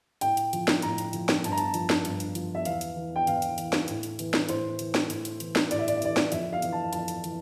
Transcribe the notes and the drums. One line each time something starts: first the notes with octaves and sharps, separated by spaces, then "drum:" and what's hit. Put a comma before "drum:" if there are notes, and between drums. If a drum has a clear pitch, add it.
A2 G5, drum: hi-hat
drum: hi-hat
F3, drum: hi-hat
drum: snare
A2 A#5, drum: hi-hat
drum: hi-hat
F3, drum: hi-hat
drum: snare
G2 A5, drum: hi-hat
A#5
A5, drum: hi-hat
F3, drum: hi-hat
drum: snare
G2, drum: hi-hat
drum: hi-hat
F3, drum: hi-hat
E5
E2 F5, drum: hi-hat
drum: hi-hat
E3
G5
E2 F5, drum: hi-hat
drum: hi-hat
E3, drum: hi-hat
drum: snare
A2, drum: hi-hat
drum: hi-hat
E3, drum: hi-hat
drum: snare
A2 C5, drum: hi-hat
E3, drum: hi-hat
drum: snare
A2, drum: hi-hat
drum: hi-hat
E3, drum: hi-hat
drum: snare
A2 D5, drum: hi-hat
E5
D5, drum: hi-hat
E5
E3 D5, drum: hi-hat
drum: snare
F2 E5, drum: hi-hat
F5
E3, drum: hi-hat
A5
F2 A5, drum: hi-hat
drum: hi-hat
E3, drum: hi-hat